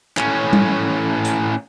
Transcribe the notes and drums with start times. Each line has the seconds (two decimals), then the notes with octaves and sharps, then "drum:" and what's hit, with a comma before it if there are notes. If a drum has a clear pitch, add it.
0.17 A2 C#4, drum: clap
0.53 drum: tom G3
1.25 drum: hi-hat